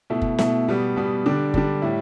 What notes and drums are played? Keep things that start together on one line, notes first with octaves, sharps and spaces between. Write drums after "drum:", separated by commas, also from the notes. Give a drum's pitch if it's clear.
B2 A3 E4
drum: kick F#1
B2 A3 E4, drum: snare
B2 G3 B3
B2 G3 B3
D3 G3 D4
D3 G3 D4, drum: kick F#1
A2 G3 E4